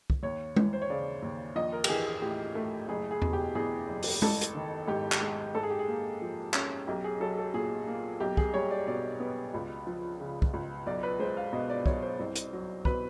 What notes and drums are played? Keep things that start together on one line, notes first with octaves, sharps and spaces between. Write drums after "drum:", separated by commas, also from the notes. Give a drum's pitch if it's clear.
drum: kick
D#2 C#5
E3, drum: tom G#3
C5
C#5
C#3 D5
D#2
A#1 D#5
A#4
G4, drum: cymbal
E3 G#4
G#4
A2 G4
A3
F#1 G#4
G#4
B2, drum: tom E2
G4
E2 G#4
F#1
drum: open hi-hat
A1 A4, drum: tom G#3
drum: hi-hat
D#3
G#2 G4
drum: clap
G#3
G#2 A4
G#4
G4
G#4
A#3
F3
C#4, drum: clap
B1 G4
G#4
F#3 A4
A4
A#2 G#4
A#3
B1 G4
G#4, drum: kick
G3 C#5
D5
B2 D5
B3
C#2
F3
C#3
drum: kick
C#2
B1 D5
B4
G#3 C5
F5
B2 D#5
D5
B1 C#5, drum: kick
C5
C2
drum: hi-hat
F#3
B2 B4, drum: kick